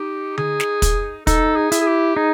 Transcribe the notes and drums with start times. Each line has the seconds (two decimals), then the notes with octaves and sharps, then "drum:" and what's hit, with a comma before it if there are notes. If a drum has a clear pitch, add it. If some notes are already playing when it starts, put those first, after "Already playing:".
Already playing: D#4 G4
0.38 G#4, drum: tom D3
0.60 drum: snare
0.82 drum: kick, hi-hat
1.27 D#4 A4, drum: kick, hi-hat
1.56 G#4
1.72 E4, drum: hi-hat
1.80 G#4
1.87 G4
2.16 D#4 G#4